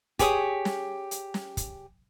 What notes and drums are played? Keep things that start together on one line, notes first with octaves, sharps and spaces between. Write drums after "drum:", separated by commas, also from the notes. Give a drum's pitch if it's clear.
G4 G#4 C#5 D#6, drum: kick, hi-hat
drum: snare
drum: hi-hat
drum: snare
drum: kick, hi-hat